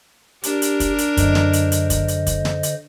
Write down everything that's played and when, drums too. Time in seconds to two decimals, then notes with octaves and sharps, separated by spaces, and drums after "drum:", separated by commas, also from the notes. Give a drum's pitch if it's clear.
0.43 D4 G4 A#4, drum: hi-hat
0.62 drum: hi-hat
0.80 drum: kick, hi-hat
0.98 drum: hi-hat
1.17 F#2 D3 C5 D#5, drum: kick, hi-hat
1.35 drum: snare
1.53 drum: hi-hat
1.72 drum: hi-hat
1.90 drum: kick, hi-hat
2.08 drum: hi-hat
2.27 drum: kick, hi-hat
2.45 drum: snare
2.63 drum: hi-hat